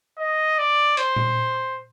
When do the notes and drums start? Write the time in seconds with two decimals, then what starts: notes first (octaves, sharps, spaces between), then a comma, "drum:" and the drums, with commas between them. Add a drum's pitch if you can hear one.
0.18 D#5
0.58 D5
0.97 C5, drum: hi-hat
1.16 drum: tom A#2